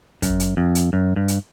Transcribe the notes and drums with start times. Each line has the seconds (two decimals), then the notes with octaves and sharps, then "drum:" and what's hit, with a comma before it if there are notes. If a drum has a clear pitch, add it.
0.22 F#2, drum: kick, hi-hat
0.40 drum: hi-hat
0.57 F2
0.75 drum: hi-hat
0.93 F#2
1.16 G2
1.28 drum: hi-hat